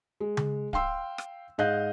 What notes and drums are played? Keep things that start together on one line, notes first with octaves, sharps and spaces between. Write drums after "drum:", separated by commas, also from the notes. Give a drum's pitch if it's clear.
G#3
drum: tom C#3
F5 G5 C6 E6, drum: kick D1
drum: rim click
G#2 D#5 F5 F#6 G6